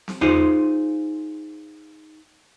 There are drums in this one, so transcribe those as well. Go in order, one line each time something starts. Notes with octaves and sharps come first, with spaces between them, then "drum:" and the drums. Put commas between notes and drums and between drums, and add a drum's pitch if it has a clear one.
drum: snare C4
D#4 F4 G#4 C5, drum: tom E2